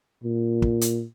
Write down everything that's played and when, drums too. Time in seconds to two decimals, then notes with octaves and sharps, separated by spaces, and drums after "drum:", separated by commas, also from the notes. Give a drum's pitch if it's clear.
0.24 A#2
0.62 drum: kick
0.81 drum: hi-hat